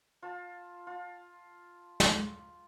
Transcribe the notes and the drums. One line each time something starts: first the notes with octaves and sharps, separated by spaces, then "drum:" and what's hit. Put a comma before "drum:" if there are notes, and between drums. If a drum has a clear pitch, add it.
F4 A5
F4
drum: snare